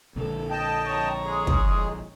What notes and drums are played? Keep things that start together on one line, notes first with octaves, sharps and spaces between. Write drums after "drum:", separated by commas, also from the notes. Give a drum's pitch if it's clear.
A#1 A#2 D3 A4
D#5 G5 A5
C#5 A#5
G#3 G#4
drum: kick